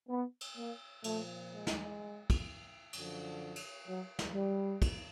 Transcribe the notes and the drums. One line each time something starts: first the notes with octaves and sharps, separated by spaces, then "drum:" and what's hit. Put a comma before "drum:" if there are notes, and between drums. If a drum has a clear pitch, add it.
B3
drum: cymbal
A#3
A#2 F3 A3, drum: cymbal
G#3
drum: snare
drum: kick, cymbal
F#2 D3 F3, drum: cymbal
drum: cymbal
F#3
drum: snare
G3
drum: kick, cymbal